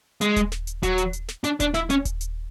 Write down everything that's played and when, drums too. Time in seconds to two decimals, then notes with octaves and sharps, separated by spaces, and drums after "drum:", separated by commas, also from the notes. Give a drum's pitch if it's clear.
0.21 G#3, drum: hi-hat
0.36 drum: kick D#1, hi-hat
0.52 drum: snare
0.67 drum: hi-hat
0.83 F#3, drum: kick D#1, hi-hat
0.98 drum: hi-hat
1.13 drum: hi-hat
1.28 drum: snare
1.44 D4, drum: hi-hat
1.60 D4, drum: kick D#1, hi-hat
1.74 E4, drum: snare
1.90 C#4, drum: hi-hat
2.05 drum: kick D#1, hi-hat
2.21 drum: hi-hat